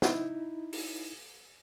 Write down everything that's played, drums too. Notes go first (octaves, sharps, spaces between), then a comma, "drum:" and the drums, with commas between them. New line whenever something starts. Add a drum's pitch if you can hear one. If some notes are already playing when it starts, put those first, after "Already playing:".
D#4 E4, drum: snare
drum: open hi-hat